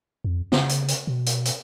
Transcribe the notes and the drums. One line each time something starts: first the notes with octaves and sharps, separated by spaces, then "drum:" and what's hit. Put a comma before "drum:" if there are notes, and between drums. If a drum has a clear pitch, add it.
F2
C#3, drum: snare
drum: hi-hat
drum: hi-hat
B2
drum: hi-hat
drum: hi-hat